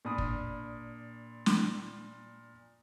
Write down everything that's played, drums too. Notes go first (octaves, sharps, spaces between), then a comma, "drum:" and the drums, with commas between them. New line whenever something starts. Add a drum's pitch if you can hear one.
A#2 D4 D5 B5 D#6
drum: kick
drum: snare